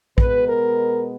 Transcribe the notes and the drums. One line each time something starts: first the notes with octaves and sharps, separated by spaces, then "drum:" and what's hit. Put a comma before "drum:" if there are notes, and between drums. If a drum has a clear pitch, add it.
B2 G#3 B3 B4, drum: kick A#1
A#4